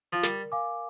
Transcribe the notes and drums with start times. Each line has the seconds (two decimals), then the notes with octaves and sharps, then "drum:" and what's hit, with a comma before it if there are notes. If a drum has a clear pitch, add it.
0.13 F3
0.23 G3 A#4, drum: snare
0.52 F5 G#5 D6